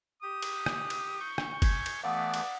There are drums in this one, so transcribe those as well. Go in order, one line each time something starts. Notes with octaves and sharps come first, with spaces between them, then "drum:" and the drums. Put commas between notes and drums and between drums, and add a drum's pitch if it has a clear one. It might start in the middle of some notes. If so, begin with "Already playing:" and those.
G4 D#6
drum: cymbal
drum: rim click
drum: cymbal
C#6 G6
drum: rim click
G#5, drum: kick G1, cymbal
drum: cymbal
E3 A3 B3 D5 F5 F#5 D#6
drum: cymbal